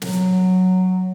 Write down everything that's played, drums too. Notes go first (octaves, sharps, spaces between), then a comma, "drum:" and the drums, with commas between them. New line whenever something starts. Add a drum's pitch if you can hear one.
F#3, drum: snare